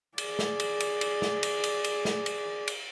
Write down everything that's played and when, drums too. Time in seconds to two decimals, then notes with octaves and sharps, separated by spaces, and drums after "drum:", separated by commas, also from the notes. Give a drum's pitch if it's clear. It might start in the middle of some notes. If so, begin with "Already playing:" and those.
0.18 G#4 D5, drum: cymbal
0.39 drum: snare
0.60 drum: cymbal
0.80 drum: cymbal
1.01 drum: cymbal
1.22 drum: snare
1.43 drum: cymbal
1.64 drum: cymbal
1.84 drum: cymbal
2.05 drum: snare
2.26 drum: cymbal
2.68 drum: cymbal